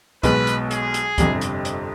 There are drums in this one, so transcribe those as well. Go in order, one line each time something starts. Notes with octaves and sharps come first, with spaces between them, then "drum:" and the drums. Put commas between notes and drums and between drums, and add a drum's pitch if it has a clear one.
B1 B2 G#3 B3 B4, drum: kick, hi-hat
drum: hi-hat
G#4, drum: hi-hat
drum: hi-hat
G1 F2 C3 G3, drum: kick, hi-hat
drum: hi-hat
drum: hi-hat